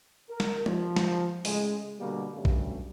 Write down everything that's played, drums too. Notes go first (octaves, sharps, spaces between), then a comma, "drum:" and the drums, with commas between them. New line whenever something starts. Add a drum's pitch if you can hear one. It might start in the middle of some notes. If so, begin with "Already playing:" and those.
A#4
drum: snare
F3, drum: tom
drum: snare
A2 C#3 G#3, drum: open hi-hat
B2 D3 G3 A#3
G2 F#3 G3 A3 C#4
drum: kick